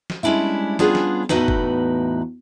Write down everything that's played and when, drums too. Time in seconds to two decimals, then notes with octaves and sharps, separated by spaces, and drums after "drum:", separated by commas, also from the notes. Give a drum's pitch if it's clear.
0.10 drum: snare
0.23 G3 G#3 C#4 D4 E4 E5
0.79 G3 B3 C#4 D4 F4 G#4, drum: snare
0.95 drum: snare
1.29 E2 A2 D#4 F#4 B4 A5, drum: snare
1.48 drum: kick F#1